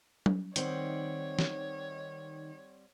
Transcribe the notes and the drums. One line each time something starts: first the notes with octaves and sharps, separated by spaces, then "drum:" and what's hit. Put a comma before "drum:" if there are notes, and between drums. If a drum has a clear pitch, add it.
drum: tom F#3
D#3 G3 C4 C#5 F#5, drum: hi-hat
drum: snare